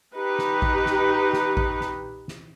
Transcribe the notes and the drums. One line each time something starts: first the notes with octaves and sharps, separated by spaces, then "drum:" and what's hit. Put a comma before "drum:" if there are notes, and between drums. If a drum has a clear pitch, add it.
D#4 G4 B4
drum: snare
drum: kick A1
drum: snare
drum: snare
drum: kick A1
drum: snare
drum: snare